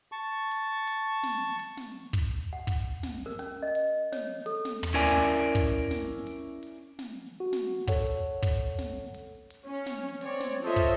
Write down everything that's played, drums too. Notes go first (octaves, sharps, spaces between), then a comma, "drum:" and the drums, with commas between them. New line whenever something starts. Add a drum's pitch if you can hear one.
A5 C#6
drum: hi-hat
drum: hi-hat
drum: snare
drum: hi-hat
drum: snare
drum: kick
drum: hi-hat
F#5
drum: kick, hi-hat
drum: snare
A#4
C#4, drum: hi-hat
D#5
drum: hi-hat
C#5, drum: snare
A4, drum: hi-hat
drum: snare
drum: tom
C#4 E4 A#4 D5 G#5
drum: hi-hat
drum: kick, hi-hat
drum: snare
drum: hi-hat
drum: hi-hat
drum: snare
F#4
drum: snare
A4 C#5 F#5, drum: kick
drum: hi-hat
drum: kick, hi-hat
drum: snare
drum: hi-hat
drum: hi-hat
C#4
drum: snare
C4 C#5 D5, drum: hi-hat
drum: snare
F4 A4 C5 C#5 D#5 E5
drum: kick